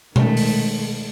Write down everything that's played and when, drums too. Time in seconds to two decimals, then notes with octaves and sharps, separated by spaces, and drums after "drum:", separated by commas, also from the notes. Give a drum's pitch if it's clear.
0.16 D#3 G#3 A3, drum: tom B2
0.37 drum: open hi-hat